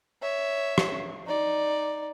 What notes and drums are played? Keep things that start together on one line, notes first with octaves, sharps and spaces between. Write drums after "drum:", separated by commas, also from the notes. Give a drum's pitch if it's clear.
C#5 E5
drum: rim click
D#4 D5